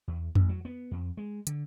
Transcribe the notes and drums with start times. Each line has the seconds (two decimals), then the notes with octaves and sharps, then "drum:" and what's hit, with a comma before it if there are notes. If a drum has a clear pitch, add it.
0.08 E2
0.35 A1, drum: tom F2
0.49 F#3
0.65 B3
0.91 F2
1.17 G#3
1.47 D3, drum: hi-hat